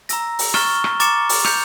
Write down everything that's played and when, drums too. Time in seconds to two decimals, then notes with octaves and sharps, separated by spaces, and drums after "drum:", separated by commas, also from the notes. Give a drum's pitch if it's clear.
0.09 A#5 E6 A#6, drum: hi-hat
0.39 drum: open hi-hat
0.54 C#6 F6 A6 E7 G7, drum: rim click
0.84 drum: rim click
1.00 A#5 D6 A6 C#7 E7, drum: hi-hat
1.29 drum: open hi-hat
1.44 G6 C#7 F7, drum: rim click